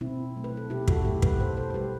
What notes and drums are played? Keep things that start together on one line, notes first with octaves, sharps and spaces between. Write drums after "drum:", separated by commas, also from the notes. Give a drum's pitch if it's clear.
B2 C4 E4
F#3 A3
B4
A4
B2 E4 G4
F#4 A4, drum: kick
F#3 A3 E4 G4
G4 B4, drum: kick
B2 A4 C5
A4 C5
C5
G3 G4 B4